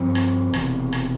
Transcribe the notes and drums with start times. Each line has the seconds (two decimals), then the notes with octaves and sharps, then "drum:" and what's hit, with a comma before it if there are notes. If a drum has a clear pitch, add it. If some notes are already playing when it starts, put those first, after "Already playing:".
Already playing: G2 F3 C4
0.15 drum: rim click
0.53 E1 E2 C3, drum: rim click
0.93 drum: rim click